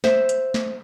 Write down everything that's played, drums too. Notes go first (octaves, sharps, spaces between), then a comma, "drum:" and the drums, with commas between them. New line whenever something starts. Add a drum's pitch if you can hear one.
C5 E5, drum: snare
drum: hi-hat
drum: snare